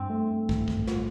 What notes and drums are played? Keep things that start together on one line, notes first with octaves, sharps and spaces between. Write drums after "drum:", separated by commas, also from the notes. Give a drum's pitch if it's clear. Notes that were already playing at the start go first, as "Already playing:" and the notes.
Already playing: G2 C4
A3
A2, drum: kick
drum: kick
F4, drum: snare